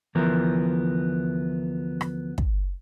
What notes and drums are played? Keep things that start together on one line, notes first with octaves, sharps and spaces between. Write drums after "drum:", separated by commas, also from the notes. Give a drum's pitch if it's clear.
D2 E3 F3 B3 A#4
drum: rim click
drum: kick